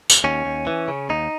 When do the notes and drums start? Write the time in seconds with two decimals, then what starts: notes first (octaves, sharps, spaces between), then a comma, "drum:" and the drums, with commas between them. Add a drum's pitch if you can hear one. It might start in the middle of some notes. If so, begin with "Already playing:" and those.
0.10 drum: tambourine
0.24 D#2 C#4
0.46 D#2
0.67 E3
0.88 C#3
1.10 D#2 D#4